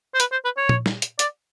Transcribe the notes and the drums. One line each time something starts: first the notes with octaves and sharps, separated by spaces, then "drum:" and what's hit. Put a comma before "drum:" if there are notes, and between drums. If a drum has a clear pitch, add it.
C5
B4, drum: hi-hat
C5
B4
C#5
drum: tom A#2
drum: snare
drum: hi-hat
D5, drum: hi-hat